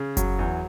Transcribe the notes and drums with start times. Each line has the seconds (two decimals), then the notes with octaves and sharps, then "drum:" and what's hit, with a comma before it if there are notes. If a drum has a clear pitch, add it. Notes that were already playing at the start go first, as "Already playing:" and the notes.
Already playing: C#3
0.17 F#3, drum: kick F#1, hi-hat
0.39 E2